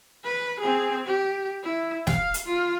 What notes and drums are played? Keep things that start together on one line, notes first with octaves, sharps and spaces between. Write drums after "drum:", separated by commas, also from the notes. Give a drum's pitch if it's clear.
B4
C4 G#4
G4
E4
F5, drum: snare
drum: hi-hat
F4